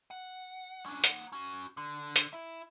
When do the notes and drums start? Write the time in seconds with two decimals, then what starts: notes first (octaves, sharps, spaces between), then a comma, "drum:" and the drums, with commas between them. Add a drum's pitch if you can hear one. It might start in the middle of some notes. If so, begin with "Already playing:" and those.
0.11 F#5
0.86 C#4 D4
1.04 A#3 F#5, drum: hi-hat
1.33 C#4 F#4
1.77 D3
2.16 drum: hi-hat
2.33 E4 E5